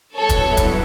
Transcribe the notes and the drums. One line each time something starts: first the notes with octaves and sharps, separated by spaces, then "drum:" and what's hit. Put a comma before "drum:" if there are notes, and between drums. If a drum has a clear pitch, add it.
G2 F#3 B3 E4 A4 C#5
drum: kick, hi-hat
drum: kick, hi-hat